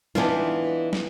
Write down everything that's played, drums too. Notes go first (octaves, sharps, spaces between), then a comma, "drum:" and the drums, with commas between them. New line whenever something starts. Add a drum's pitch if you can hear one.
E3 B3 D4 D#4 F4, drum: snare
drum: snare